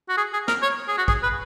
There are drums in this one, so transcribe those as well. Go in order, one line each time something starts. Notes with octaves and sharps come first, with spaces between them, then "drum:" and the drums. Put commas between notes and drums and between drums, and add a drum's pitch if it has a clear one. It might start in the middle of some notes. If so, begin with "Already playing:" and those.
F#4
G#4
G#4
A#4, drum: snare
C#5
G#4
F#4
G#4, drum: kick
B4